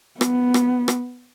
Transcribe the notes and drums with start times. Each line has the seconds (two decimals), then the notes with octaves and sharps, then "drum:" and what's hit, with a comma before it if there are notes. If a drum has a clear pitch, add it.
0.21 B3, drum: rim click
0.54 drum: rim click
0.88 drum: rim click